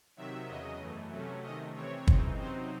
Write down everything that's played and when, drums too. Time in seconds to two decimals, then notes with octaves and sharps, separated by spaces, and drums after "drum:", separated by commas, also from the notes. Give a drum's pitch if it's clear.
0.17 C3 D#3 F#3 E5
0.48 E2 C#3 F#3 D#5
0.80 F#2 E3 A3
1.13 C3 F#3 A3 C#4
1.43 C3 D#3 A3 D#5
1.75 C3 E3 C4 C#5
2.07 F#2 C#3 E3 C4 D#4, drum: kick
2.39 C3 F#3 C4 D#4 C5